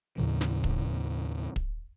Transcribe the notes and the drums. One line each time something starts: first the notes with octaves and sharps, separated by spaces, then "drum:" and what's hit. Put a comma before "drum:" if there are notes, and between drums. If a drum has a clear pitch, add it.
D#2 A2 C#3 F3
drum: snare
drum: kick
drum: kick